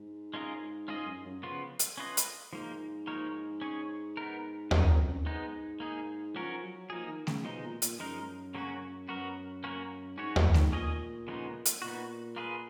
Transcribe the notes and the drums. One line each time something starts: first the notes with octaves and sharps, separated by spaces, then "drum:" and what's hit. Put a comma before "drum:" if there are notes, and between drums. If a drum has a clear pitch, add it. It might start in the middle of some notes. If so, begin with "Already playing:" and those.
Already playing: G#2
G#3 C#4 F4 A#4 D#5
G#2 C#4 F4 G#4 D#5
F#2
F#2
C#3 F3 B3 F4
drum: hi-hat
C#4 F4 B4 D#5
drum: hi-hat
G#2 F3 A#3 D#4
F3 A#3 D#4 A#4 C#5
C#4 G#4 C#5
B3 D#4 A#4
F#2 D#3 A#3 D#4, drum: tom D#2
F2
F2
F#2
G#2 G#3 B3 D#4
A#3 D#4 G#4
F3 F#3 C#4 F#4 A#4
F#3
F3 A#3 D#4 G#4
D#3
C#3, drum: snare A3
B2 F3 G#3 D#4
A#2
A#2, drum: hi-hat
F#2 F3 G#3 D#4 A#4
C#3 F#3 A#3 C#4 F#4
F#2 B3 F#4 A#4
A#3 C#4 F#4 A#4
G#2 C#4 F#4 C#5
A#2, drum: tom D#2
G#2, drum: snare A3
A#2 C#4 G#4 D#5
C#3 F3 G#3 B3 D#4
drum: hi-hat
A#2 B3 D#4 F#4
A#3 F4 G#4 B4